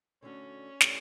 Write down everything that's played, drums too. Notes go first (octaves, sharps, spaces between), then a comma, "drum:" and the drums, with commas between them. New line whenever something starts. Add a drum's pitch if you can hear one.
D3 A3 C#4 D4 F#4
D3 A3 E4 G4, drum: snare